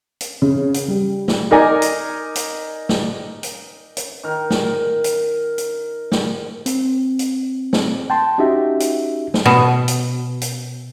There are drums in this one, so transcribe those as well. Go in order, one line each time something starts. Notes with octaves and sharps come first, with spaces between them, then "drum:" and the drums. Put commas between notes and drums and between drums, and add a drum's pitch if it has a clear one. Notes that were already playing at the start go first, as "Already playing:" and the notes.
drum: hi-hat
C#3
drum: hi-hat
G3
drum: snare
D#4 A#4 D5 G#5 A#5
drum: hi-hat
drum: hi-hat
drum: snare
drum: hi-hat
drum: hi-hat
D#3 A#4
drum: snare
drum: hi-hat
drum: hi-hat
drum: snare
C4, drum: hi-hat
drum: hi-hat
drum: snare
G5 A5 C6
C#4 D#4 F#4 G4 E5
drum: hi-hat
drum: snare
B2
drum: hi-hat
drum: hi-hat